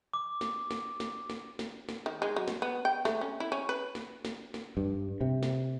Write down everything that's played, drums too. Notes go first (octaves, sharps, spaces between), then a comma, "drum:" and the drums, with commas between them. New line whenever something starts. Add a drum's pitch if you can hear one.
D6
drum: snare
drum: snare
drum: snare
drum: snare
drum: snare
drum: snare
D#3
G#3
F#3
drum: snare
B3
G5
A3, drum: snare
C#4
E4
C#4
B4
drum: snare
drum: snare
drum: snare
G2
C3
drum: snare